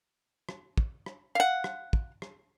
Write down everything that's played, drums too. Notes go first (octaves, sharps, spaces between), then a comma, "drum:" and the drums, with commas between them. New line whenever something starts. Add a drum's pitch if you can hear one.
drum: rim click
drum: kick
drum: rim click
F5 F#5
drum: rim click
drum: kick
drum: rim click